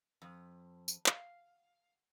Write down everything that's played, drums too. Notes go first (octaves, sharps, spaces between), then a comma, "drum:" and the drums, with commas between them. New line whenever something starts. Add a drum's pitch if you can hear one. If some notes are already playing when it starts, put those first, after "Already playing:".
F2
drum: tambourine
F5, drum: clap